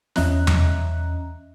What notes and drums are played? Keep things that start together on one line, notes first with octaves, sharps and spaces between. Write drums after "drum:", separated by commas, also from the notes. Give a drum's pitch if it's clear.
E2 C#4 D#5 E5 A#5 F#6, drum: snare
drum: tom E2